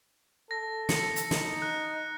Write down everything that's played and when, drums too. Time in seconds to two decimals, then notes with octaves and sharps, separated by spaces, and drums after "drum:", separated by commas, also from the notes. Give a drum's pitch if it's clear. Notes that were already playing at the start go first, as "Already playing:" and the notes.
0.51 A4 A#6
0.89 C#7, drum: snare
1.16 drum: hi-hat
1.31 D#4, drum: snare
1.62 F#6